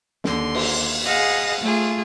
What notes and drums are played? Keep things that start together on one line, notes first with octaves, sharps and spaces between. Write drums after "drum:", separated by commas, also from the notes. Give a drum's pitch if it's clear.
D#2 D3 C6, drum: snare
drum: cymbal
G#4 D#5 F5 F#5 D#6
A3 F4 G#4